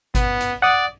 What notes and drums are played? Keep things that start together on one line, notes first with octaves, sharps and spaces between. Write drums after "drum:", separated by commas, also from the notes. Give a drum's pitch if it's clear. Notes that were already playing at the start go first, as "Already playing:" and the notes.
B3, drum: kick G1, hi-hat
drum: hi-hat
D5 F#5 D#6